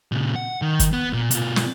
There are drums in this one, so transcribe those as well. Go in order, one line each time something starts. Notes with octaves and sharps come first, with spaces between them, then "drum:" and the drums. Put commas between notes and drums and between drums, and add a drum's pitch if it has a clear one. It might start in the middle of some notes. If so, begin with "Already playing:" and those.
A#2 C#3
F#5
D#3
drum: kick, hi-hat
B3
A#2
B2 F4, drum: hi-hat
drum: snare